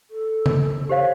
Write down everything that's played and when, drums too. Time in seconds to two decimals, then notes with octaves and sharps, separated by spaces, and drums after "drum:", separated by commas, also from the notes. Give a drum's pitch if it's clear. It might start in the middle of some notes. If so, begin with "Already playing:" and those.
0.10 A4
0.46 drum: tom C#3
0.89 G4 C5 C#5 F5